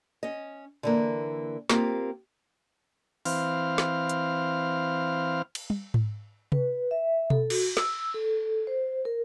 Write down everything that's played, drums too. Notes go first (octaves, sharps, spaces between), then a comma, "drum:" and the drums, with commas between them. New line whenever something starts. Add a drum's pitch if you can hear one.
C#4 D#5
D3 E3 A#3
A#3 C4 F4 G4, drum: snare
E3 C4 F5 F6, drum: open hi-hat
drum: snare
drum: hi-hat
drum: cymbal
drum: tom
drum: tom G#2
B4, drum: tom C3
E5
A4, drum: tom B2
F#4, drum: cymbal
E6, drum: snare
A4
C5
A#4